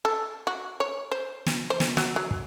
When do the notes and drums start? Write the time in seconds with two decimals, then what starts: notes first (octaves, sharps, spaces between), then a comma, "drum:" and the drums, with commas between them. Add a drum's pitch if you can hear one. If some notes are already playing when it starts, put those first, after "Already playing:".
0.05 A4
0.47 F#4
0.80 C#5
1.11 C5
1.47 drum: snare
1.70 C5
1.80 drum: snare
1.97 F#3, drum: snare
2.16 F#3
2.31 drum: kick